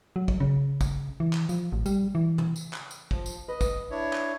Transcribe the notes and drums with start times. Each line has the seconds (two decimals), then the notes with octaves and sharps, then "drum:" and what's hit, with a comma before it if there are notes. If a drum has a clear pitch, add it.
0.16 F#3
0.28 drum: kick
0.40 C#3
0.81 drum: kick, tambourine
1.20 E3
1.33 drum: clap
1.49 F3, drum: tambourine
1.72 A1
1.86 G3, drum: tambourine
2.15 E3
2.38 drum: tom
2.56 drum: tambourine
2.73 drum: clap
2.91 drum: tambourine
3.11 F3, drum: kick
3.26 drum: tambourine
3.48 B4 D#5
3.61 drum: kick, tambourine
3.91 D4 E4 C#5
4.13 drum: clap